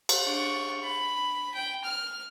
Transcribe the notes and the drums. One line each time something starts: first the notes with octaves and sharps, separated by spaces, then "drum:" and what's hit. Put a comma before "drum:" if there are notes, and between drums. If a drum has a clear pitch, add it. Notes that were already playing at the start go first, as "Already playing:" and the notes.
drum: cymbal
D4 C#6
B5
G5
F6